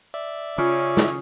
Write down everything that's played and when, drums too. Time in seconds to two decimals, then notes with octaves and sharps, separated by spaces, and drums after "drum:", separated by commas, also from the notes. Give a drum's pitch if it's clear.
0.14 D5 E5
0.58 C#3 C#4 F4
0.97 drum: snare